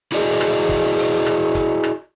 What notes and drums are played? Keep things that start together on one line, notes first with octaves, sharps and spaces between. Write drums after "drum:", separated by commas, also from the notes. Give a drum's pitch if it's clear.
E4 F#4 G#4 D5 D#5, drum: hi-hat
drum: rim click
drum: kick
drum: open hi-hat
drum: rim click
drum: kick, hi-hat
drum: rim click